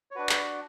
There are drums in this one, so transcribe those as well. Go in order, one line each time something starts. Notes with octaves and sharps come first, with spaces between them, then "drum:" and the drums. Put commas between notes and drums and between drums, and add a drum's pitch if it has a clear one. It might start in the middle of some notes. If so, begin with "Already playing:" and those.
C#5
D4 F#4 B4
drum: clap